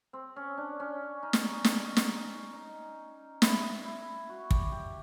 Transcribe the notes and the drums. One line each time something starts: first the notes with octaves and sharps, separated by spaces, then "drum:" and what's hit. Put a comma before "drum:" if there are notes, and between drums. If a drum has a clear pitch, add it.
C4
C#4
D4
C#4
D#4
drum: snare
drum: snare
drum: snare
D#4
E4, drum: snare
E4
F#4
G4, drum: kick
G4